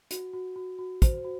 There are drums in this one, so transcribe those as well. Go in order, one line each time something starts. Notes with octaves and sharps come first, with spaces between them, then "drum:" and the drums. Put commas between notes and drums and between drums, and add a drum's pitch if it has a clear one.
F#4, drum: hi-hat
F#4
F#4
F#4
C5, drum: kick, hi-hat
F#4